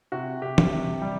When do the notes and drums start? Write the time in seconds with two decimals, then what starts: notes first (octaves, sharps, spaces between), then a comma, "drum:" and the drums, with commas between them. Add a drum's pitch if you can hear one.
0.12 C3 F#4
0.42 C3 G4
0.58 drum: tom
0.72 C3
1.02 G3